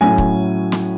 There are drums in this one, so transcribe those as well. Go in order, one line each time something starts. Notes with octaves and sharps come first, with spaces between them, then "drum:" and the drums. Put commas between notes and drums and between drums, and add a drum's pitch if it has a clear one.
A2 F#3 C#4 E4 G#5
drum: kick
drum: snare